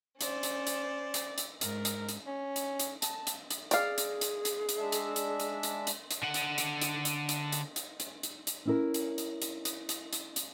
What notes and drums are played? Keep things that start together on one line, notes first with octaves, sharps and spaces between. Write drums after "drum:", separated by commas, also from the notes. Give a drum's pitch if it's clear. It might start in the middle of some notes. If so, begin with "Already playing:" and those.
C#4 C5 D5, drum: hi-hat
drum: hi-hat
drum: hi-hat
drum: hi-hat
drum: hi-hat
G#2 A#4, drum: hi-hat
drum: hi-hat
drum: hi-hat
C#4
drum: hi-hat
drum: hi-hat
A5, drum: hi-hat
drum: hi-hat
drum: hi-hat
G#4 D5 F5, drum: hi-hat
drum: hi-hat
drum: hi-hat
drum: hi-hat
drum: hi-hat
G#3 D4 E5
drum: hi-hat
drum: hi-hat
drum: hi-hat
drum: hi-hat
drum: hi-hat
drum: hi-hat
D3 F#5
drum: hi-hat
drum: hi-hat
drum: hi-hat
drum: hi-hat
drum: hi-hat
drum: hi-hat
drum: hi-hat
drum: hi-hat
drum: hi-hat
drum: hi-hat
C#4 E4 A#4
drum: hi-hat
drum: hi-hat
drum: hi-hat
drum: hi-hat
drum: hi-hat
drum: hi-hat
drum: hi-hat